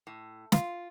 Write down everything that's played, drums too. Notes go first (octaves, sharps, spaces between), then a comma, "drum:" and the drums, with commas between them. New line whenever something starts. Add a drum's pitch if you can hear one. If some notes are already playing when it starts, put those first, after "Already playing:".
A2
F4, drum: snare